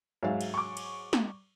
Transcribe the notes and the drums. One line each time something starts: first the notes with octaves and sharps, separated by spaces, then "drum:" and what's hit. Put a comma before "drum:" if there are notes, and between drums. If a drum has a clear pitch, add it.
G#2 F#3 E5 F5
drum: cymbal
C#6 D6
drum: cymbal
drum: snare